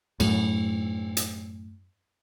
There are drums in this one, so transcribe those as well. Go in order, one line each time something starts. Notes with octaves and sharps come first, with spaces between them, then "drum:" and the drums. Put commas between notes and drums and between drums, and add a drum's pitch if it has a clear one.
F#2 A2, drum: cymbal
drum: hi-hat